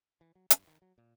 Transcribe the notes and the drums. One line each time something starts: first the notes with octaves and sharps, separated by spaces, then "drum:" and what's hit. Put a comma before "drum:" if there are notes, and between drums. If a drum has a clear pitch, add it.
E3
F#3
G2, drum: hi-hat
D#3
F#3
A#2